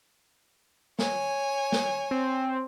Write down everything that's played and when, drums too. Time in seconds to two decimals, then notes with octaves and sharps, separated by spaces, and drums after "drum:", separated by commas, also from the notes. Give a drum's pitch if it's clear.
0.99 C#5 G#5, drum: snare
1.72 drum: snare
2.11 C4